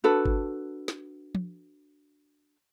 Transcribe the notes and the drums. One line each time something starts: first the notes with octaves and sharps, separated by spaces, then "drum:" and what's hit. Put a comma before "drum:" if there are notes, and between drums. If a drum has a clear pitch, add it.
D4 F#4 A4 B4
drum: kick G1
drum: snare
drum: tom F3